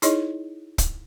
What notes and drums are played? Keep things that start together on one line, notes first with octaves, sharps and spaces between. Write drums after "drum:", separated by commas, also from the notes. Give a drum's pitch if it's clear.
D#4 E4 G#4 C#5 D#5, drum: hi-hat
drum: kick, hi-hat